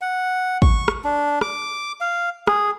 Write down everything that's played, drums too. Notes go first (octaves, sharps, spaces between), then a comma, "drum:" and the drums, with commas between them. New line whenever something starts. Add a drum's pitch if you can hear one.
F#5
C#6, drum: kick
drum: rim click
D4
D6, drum: rim click
F5
G#4, drum: rim click